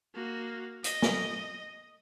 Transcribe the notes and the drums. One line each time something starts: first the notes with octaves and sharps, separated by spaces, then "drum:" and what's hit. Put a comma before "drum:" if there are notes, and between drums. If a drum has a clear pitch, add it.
A#3 F#4
D#5, drum: hi-hat
drum: snare